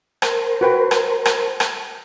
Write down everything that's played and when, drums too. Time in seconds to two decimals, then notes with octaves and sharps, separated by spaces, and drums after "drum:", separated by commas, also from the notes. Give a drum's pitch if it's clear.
0.22 A#4 C5, drum: rim click
0.61 F#4 B4 G5
0.91 drum: rim click
1.25 drum: rim click
1.60 drum: rim click